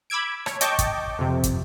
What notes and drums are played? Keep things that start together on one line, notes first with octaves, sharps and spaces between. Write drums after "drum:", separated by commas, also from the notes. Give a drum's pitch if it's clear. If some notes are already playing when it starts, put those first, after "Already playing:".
B5 D6 E6 G#6 D7
C#5, drum: rim click
D#5 G5 A5 C#6 D6 G6, drum: hi-hat
drum: kick, hi-hat
F2 C3
drum: kick, hi-hat